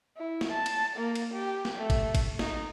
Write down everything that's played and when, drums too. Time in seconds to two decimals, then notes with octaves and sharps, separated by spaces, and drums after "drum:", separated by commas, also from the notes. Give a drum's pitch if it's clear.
0.17 E4
0.41 drum: snare
0.52 A5
0.66 drum: cymbal
0.96 A#3
1.15 drum: cymbal
1.33 G4
1.65 drum: snare
1.77 A3
1.90 drum: kick G#1, cymbal
2.15 drum: kick G#1, cymbal
2.39 D#4, drum: snare